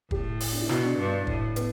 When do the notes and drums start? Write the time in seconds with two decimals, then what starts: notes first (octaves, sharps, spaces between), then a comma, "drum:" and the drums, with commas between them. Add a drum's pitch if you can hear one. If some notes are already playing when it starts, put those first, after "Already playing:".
0.11 A2 G4, drum: kick
0.40 drum: open hi-hat
0.52 D4
0.61 E4
0.69 B2 F#4, drum: snare
0.84 D4
0.99 G2
1.27 A2, drum: kick
1.56 B3, drum: hi-hat